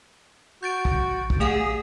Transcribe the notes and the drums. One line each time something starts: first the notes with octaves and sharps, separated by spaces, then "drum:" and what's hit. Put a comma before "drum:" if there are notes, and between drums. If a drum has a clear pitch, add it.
F#4 G6 A6 D7
drum: kick
drum: kick
A3 G#4 F5 F#5